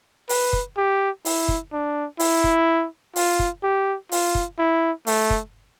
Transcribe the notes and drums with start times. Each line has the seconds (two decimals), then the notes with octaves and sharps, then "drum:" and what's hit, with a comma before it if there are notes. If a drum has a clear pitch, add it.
0.29 B4, drum: open hi-hat
0.53 drum: kick
0.77 G4
1.25 E4, drum: open hi-hat
1.48 drum: kick
1.72 D4
2.19 E4, drum: open hi-hat
2.44 drum: kick
3.16 F4, drum: open hi-hat
3.39 drum: kick
3.63 G4
4.12 F4, drum: open hi-hat
4.35 drum: kick
4.58 E4
5.07 A3, drum: open hi-hat
5.30 drum: kick